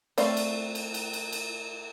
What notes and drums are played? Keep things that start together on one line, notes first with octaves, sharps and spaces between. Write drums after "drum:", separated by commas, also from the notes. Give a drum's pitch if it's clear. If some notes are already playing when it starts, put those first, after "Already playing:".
A3 C4 D5 F5, drum: cymbal
drum: cymbal
drum: cymbal
drum: cymbal
drum: cymbal
drum: cymbal